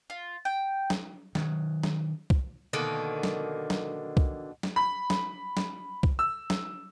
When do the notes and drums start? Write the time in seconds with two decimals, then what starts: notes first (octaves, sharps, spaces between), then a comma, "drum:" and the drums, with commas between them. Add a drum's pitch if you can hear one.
0.10 F4
0.45 G5
0.90 drum: snare
1.35 D#3 F#3, drum: snare
1.83 drum: snare
2.30 drum: kick C2
2.73 B2 D3 D#3 A#3
3.23 drum: snare
3.70 drum: snare
4.17 drum: kick C2
4.63 drum: snare
4.76 B5
5.10 drum: snare
5.57 drum: snare
6.03 drum: kick C2
6.19 E6
6.50 drum: snare